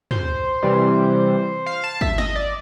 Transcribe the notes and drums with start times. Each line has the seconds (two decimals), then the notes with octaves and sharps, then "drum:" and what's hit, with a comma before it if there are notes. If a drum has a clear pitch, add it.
0.11 C5, drum: tom
0.62 C3 E3 G3
1.66 F5
1.84 A5
2.01 E5, drum: kick
2.18 D#5, drum: snare
2.35 D5